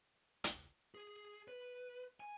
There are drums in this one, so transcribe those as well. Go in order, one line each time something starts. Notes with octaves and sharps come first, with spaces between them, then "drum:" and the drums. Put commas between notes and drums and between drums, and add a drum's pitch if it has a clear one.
drum: hi-hat
G#4
B4
G#5